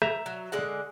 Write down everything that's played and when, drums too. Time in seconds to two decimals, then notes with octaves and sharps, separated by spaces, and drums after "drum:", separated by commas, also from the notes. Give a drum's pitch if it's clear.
0.02 E5 A#5, drum: rim click
0.26 F#3
0.52 D3 G#3 F#5